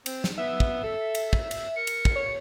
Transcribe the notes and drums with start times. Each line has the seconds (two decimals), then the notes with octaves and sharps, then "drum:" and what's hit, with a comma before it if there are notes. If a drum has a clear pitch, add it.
0.06 C4, drum: cymbal
0.24 drum: snare
0.38 B3 E5
0.60 drum: kick
0.83 A4
1.15 drum: cymbal
1.33 drum: kick
1.51 drum: cymbal
1.76 A#4 C#7
1.87 drum: cymbal
2.05 drum: kick
2.16 C#5